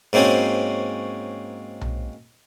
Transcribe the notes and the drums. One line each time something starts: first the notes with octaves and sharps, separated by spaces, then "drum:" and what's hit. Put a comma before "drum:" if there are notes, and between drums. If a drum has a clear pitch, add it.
G#2 A#3 C4 C#4 F#4
drum: tom B1